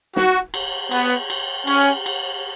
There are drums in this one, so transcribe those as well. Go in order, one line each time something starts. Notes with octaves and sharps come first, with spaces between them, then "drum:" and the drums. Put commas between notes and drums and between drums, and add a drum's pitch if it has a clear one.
F#4, drum: snare
drum: cymbal
B3, drum: cymbal
drum: cymbal
C#4, drum: cymbal
drum: cymbal